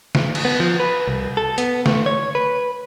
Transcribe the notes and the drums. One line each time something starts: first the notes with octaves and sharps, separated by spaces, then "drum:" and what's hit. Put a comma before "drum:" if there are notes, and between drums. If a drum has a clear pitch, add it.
drum: snare
drum: cymbal
B3
F3
B4
C2
A4
B3, drum: hi-hat
A3, drum: snare
C#5
B4